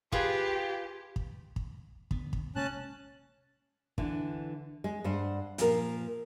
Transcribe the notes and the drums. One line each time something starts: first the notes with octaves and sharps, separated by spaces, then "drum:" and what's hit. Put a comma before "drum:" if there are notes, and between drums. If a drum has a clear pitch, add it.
F4 G4 G#4 B4, drum: kick
drum: kick
drum: kick
D3 B3, drum: kick
drum: kick
C3 G#3 A#3 C#4 A5 F#6
D3 E3, drum: kick
G#3
G2 C5 F#5
A#2 F3 A#4, drum: hi-hat